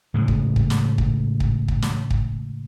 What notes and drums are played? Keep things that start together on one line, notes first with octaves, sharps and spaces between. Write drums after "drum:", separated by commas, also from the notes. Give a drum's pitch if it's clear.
A2 C#3 G#3
drum: kick
drum: kick
drum: snare
drum: kick
drum: kick
drum: kick
drum: snare
drum: kick